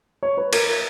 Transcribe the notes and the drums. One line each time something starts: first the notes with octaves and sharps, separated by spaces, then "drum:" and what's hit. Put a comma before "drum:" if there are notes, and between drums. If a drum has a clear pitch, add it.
C#5
B4
A#4, drum: cymbal